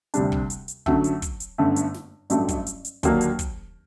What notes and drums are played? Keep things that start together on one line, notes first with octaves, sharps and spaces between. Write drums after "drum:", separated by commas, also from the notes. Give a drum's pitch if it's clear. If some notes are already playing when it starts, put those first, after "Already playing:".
D2 C3 G3 D4, drum: hi-hat
drum: kick
drum: hi-hat
drum: hi-hat
F#2 D3 F#3 A3, drum: kick
drum: hi-hat
drum: kick, hi-hat
drum: hi-hat
G1 F#2 D3 A3
drum: hi-hat
drum: snare
A1 G2 F#3 A3, drum: hi-hat
drum: kick, hi-hat
drum: hi-hat
drum: hi-hat
D#2 D3 F#3 A#3 D4, drum: kick, hi-hat
drum: hi-hat
drum: kick, hi-hat